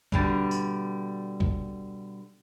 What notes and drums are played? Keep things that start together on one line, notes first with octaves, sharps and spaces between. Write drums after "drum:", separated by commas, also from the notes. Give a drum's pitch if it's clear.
B2 D3 G3, drum: kick
drum: tambourine
drum: kick